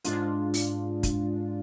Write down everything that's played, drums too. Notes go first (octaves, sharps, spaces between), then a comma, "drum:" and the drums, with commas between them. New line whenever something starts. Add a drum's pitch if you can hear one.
G#2 G#3 D4 F4, drum: hi-hat
drum: open hi-hat
drum: kick, hi-hat